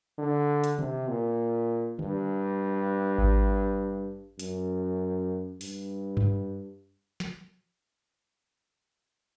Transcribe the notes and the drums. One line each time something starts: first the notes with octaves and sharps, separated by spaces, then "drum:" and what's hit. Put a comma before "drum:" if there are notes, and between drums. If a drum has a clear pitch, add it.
D3
drum: hi-hat
C3, drum: tom D3
A#2
G2, drum: tom D3
drum: kick G#1
F#2, drum: hi-hat
G2, drum: open hi-hat
drum: tom G2
drum: snare